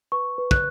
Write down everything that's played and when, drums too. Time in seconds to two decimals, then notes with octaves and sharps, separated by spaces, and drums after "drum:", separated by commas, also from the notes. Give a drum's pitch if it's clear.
0.12 B4 C#6
0.38 B4
0.51 F#6, drum: kick